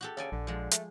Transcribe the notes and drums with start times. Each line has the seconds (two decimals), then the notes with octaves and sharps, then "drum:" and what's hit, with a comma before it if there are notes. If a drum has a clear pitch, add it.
0.01 F#4 G4 A4
0.17 C#3 A4 D5 G#5
0.32 A#1 D3
0.47 F3 G#3
0.71 A3, drum: hi-hat